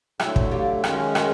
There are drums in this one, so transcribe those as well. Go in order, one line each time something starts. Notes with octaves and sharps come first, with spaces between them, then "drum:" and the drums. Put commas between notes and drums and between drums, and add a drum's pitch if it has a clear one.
D3 F#3 A3 E4 F#4, drum: rim click
drum: kick
F4 G4
F#2 D#3 G#3 C#4, drum: rim click
F#4 G#4, drum: rim click